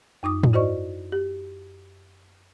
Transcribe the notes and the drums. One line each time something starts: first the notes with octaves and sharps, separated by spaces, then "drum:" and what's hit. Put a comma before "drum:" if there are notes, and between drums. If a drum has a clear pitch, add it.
F#2 D#4 D6 D#6
drum: tom
E4 F#4 C5 D5 D#5 C#6
G4